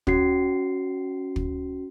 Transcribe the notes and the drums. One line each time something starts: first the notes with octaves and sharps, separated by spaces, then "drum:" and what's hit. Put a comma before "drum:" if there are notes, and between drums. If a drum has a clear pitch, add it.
C#4 F#4 C7, drum: kick
drum: kick